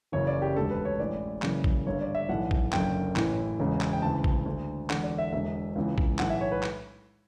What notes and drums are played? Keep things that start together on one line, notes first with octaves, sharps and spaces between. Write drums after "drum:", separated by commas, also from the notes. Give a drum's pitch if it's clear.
F#1 F#2 C#3 E3 C#5
D5
G4
E1 D2 D3 A4
B4
C#5
A1 A2 E3 D5
F#1 F#2 C#3 E3, drum: clap
drum: kick
G1 G2 D3 C#5
D5
E5
B1 A2 E3 F#5
drum: kick
F#1 F#2 D3 G5, drum: clap
A1 A2 E3, drum: clap
E1 E2 C#3 E3
drum: clap
G5
D2 C#3 E3 A5
drum: kick
D2 D3
E1 E2 D3 F#5, drum: clap
D5
E5
E1 E2 D3 E5
C#2 C#3 E3
drum: kick
B1 A2 E3 F#5, drum: clap
E5
C#5
B4
drum: clap